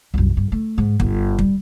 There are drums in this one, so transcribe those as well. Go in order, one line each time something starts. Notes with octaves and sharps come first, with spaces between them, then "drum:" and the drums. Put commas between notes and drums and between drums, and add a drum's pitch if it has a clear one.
C2 F#2
G2
A3
G#2
G1, drum: kick
G3, drum: kick